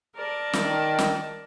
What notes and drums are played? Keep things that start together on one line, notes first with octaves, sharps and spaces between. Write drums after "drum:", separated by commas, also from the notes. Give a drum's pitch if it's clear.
A#4 D5 A5
D#3, drum: snare
drum: snare